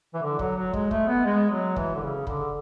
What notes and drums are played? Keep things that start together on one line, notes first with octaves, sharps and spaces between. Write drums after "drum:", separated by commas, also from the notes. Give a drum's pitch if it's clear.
E3
D3
F#3, drum: kick
F#3
G#3, drum: kick
A3, drum: kick
B3
G#3
F#3
E3, drum: kick
D3
C#3
D3, drum: kick